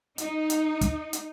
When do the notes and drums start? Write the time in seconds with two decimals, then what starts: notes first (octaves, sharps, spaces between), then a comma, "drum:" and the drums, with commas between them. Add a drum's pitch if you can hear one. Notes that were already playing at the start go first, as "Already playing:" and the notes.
0.18 D#4, drum: hi-hat
0.50 drum: hi-hat
0.81 drum: kick, hi-hat
1.13 drum: hi-hat